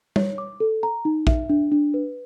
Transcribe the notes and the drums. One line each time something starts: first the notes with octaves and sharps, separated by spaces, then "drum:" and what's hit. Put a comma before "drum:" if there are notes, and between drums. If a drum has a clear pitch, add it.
C#5, drum: tom
D6
A4
A#5
D#4
E5, drum: kick
D4
D4
B4